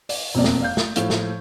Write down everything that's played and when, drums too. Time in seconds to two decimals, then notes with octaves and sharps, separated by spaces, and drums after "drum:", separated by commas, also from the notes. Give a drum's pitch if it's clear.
0.09 D5, drum: open hi-hat
0.35 E1 F2 A#3 D5
0.44 drum: snare
0.61 D5 F5 G6
0.77 drum: snare
0.96 A2 F3 A4 F5, drum: hi-hat
1.10 drum: snare